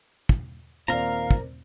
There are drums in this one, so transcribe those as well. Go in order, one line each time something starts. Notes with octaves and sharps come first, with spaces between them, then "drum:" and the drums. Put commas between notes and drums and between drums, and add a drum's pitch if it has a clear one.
drum: kick
D#2 A#2 C4 A#4 D5 F5 A#5
drum: kick